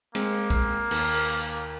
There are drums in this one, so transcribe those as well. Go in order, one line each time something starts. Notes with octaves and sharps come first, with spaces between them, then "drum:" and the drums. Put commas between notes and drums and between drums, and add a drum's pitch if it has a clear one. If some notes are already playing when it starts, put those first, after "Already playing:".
G#3 A#3 C4, drum: cymbal
drum: kick
D#2 A#4, drum: cymbal
drum: cymbal